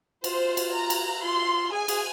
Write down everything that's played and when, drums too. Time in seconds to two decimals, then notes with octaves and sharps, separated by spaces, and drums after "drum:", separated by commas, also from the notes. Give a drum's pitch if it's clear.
0.24 F4 C5, drum: cymbal
0.57 drum: cymbal
0.73 A#5
0.90 drum: cymbal
1.23 F4 C6
1.72 G#4 G#5
1.88 G#4, drum: cymbal